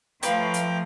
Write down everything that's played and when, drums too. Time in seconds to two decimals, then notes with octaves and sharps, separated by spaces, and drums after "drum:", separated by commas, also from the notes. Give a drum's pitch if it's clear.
0.23 F3 A3 F4 B4 C#5 G5 A#5 D6, drum: hi-hat
0.54 drum: hi-hat